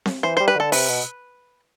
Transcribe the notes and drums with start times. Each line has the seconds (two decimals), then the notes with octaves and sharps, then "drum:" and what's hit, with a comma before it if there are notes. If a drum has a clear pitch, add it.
0.06 drum: snare C4
0.23 E3 C5
0.37 G3 C5
0.48 B4
0.56 D3 A4
0.72 C3 B4, drum: open hi-hat
0.89 B2